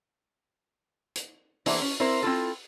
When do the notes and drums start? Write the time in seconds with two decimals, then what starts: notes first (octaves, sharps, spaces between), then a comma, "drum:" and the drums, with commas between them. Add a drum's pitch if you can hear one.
1.15 drum: hi-hat
1.66 E3 A#3 B3 D4 E4 C5, drum: open hi-hat
1.82 C#4
2.00 C4 E4 A#4 C5
2.23 C4 E4 F4 A4